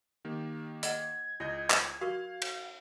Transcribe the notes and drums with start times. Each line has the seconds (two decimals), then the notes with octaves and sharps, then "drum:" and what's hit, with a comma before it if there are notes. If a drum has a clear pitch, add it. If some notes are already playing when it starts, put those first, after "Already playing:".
0.25 D#3 A#3 G4
0.83 D#5 F#5 G#6, drum: hi-hat
1.40 C#2 E4 D#5 G6
1.70 drum: clap
2.01 F#4 A#4 F5 C#6
2.42 drum: cymbal